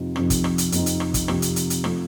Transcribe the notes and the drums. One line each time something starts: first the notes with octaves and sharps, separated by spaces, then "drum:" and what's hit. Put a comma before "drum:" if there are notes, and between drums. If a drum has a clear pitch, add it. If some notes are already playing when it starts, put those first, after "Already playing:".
Already playing: F2 C3 F3 C4 D#4
F2 C3 F3 C4 D#4, drum: rim click
drum: kick, hi-hat
drum: rim click
drum: hi-hat
F2 C3 F3 C4 D#4, drum: hi-hat
drum: hi-hat
drum: rim click
drum: kick, hi-hat
F2 C3 F3 C4 D#4, drum: rim click
drum: hi-hat
drum: hi-hat
drum: hi-hat
F3 A3 C4, drum: rim click